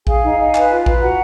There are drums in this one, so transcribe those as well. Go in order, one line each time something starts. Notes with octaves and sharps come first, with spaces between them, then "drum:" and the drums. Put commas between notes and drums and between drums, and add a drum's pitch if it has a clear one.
G#4 F5 G#5, drum: kick
D#4
D#4
B4, drum: clap
F4
B4, drum: kick
F#4 F#5 A#5